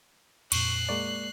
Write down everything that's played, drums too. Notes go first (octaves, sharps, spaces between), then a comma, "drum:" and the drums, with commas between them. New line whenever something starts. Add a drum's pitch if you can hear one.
F2 A#2 C#6 F#6 C7, drum: cymbal
G#3 A#3 D5 C#6